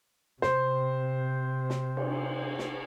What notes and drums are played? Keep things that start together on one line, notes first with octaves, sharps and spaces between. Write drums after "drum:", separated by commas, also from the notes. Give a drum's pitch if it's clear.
C3 C5, drum: snare
drum: snare
drum: cymbal
drum: snare